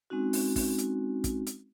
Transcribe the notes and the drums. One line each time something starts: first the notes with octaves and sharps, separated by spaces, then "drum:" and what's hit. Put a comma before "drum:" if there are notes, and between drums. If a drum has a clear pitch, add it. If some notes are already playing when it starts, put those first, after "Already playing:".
G#3 C4 C#4 D#4 F#4
drum: open hi-hat
drum: kick, open hi-hat
drum: hi-hat
drum: kick, hi-hat
drum: hi-hat